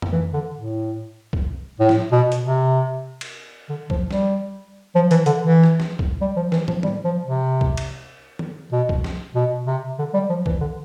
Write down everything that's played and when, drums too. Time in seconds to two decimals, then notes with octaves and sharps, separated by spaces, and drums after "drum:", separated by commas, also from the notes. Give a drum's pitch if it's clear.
0.02 drum: tom F2
0.12 E3
0.33 D3
0.55 A2
1.33 drum: kick
1.80 A2
1.89 drum: snare
2.12 B2
2.32 drum: hi-hat
2.44 C3
3.21 drum: cymbal
3.69 D3
3.90 F3, drum: kick
4.11 G3, drum: snare
4.95 F3
5.11 E3, drum: hi-hat
5.26 D3, drum: hi-hat
5.42 E3
5.64 drum: rim click
5.80 drum: snare
5.99 drum: kick
6.21 G3
6.37 F3
6.52 E3, drum: snare
6.68 F3, drum: tom
6.83 G3, drum: tom D#3
7.05 F3
7.25 C3
7.61 drum: kick
7.77 drum: cymbal
8.39 drum: tom D#3
8.72 B2
8.89 drum: kick
9.04 drum: snare
9.35 B2
9.67 C3
9.99 D3
10.14 G3
10.29 F3
10.46 E3, drum: kick
10.61 D3